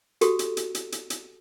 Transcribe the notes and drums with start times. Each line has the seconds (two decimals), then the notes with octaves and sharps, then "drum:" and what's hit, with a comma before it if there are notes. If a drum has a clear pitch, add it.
0.21 F#4 G4 A4, drum: hi-hat
0.39 drum: hi-hat
0.57 drum: hi-hat
0.75 drum: hi-hat
0.92 drum: hi-hat
1.10 drum: hi-hat